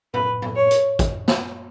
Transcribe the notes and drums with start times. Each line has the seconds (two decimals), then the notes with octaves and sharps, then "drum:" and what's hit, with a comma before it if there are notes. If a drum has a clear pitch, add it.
0.14 B4, drum: tom A2
0.42 drum: tom A2
0.56 C#5
0.71 drum: hi-hat
0.99 drum: kick, hi-hat
1.28 drum: snare